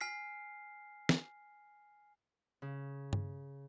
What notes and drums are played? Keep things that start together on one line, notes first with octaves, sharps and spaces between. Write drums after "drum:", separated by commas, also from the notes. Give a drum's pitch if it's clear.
G#5 F6 B6 C7
drum: snare
C#3
drum: tom G2